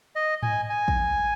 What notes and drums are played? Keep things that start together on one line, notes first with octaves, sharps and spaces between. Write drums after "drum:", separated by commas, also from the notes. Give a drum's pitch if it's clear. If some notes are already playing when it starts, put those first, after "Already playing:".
D#5
G#5, drum: tom G#2
G#5
drum: kick